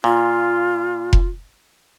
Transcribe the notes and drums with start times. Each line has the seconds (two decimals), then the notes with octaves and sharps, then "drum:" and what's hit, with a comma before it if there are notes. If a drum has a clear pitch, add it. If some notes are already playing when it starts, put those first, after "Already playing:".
0.04 A#2 F4
1.13 drum: kick F1